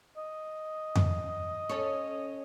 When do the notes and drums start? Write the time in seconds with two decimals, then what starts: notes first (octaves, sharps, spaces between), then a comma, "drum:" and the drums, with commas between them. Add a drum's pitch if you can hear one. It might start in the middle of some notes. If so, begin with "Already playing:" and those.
0.17 D#5
0.95 drum: tom F2
1.69 C#4 A4 C#5